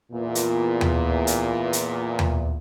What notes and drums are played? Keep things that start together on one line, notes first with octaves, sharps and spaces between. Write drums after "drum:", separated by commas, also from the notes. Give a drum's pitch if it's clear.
E2 A#2
drum: hi-hat
drum: tom D#2
drum: hi-hat
drum: hi-hat
drum: tom D#2